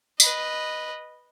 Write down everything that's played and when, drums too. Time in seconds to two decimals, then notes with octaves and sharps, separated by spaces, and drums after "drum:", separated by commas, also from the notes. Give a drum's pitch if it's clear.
0.20 B4 D#5, drum: tambourine